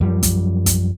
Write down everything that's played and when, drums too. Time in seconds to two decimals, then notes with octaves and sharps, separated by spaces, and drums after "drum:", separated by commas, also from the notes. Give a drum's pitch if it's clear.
0.01 F#2 F3 G3
0.23 drum: kick, hi-hat
0.66 drum: kick, hi-hat